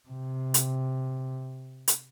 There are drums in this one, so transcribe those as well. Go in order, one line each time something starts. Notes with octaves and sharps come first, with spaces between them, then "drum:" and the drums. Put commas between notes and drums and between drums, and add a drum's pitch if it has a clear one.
C3
drum: hi-hat
drum: hi-hat